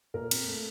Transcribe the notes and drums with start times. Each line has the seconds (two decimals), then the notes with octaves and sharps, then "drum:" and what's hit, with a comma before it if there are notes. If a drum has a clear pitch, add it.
0.14 A#2 A#4
0.31 C4, drum: cymbal
0.48 A3